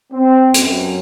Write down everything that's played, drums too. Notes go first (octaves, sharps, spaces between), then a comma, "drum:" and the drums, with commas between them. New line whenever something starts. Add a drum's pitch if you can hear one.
C4
F#2, drum: hi-hat